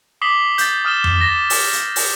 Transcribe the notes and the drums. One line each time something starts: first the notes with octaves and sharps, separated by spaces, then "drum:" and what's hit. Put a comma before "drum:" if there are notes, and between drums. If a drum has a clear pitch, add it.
D6 D#6 B6 C7 F#7 G7
G6 A6, drum: hi-hat
D#6 F6 A6 E7 G7
drum: tom F2
A6 A#6 E7
drum: open hi-hat
drum: hi-hat
drum: open hi-hat